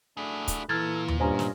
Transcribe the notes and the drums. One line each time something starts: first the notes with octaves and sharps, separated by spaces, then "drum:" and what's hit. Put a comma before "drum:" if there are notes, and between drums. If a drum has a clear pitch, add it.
A3 D4 F#4 G#4 B5
drum: kick, hi-hat
A#2 E3 A4 F6 G#6 A6
drum: tom D#2
G2 C#4 F4 C5 D#5 G#5 A#5
drum: snare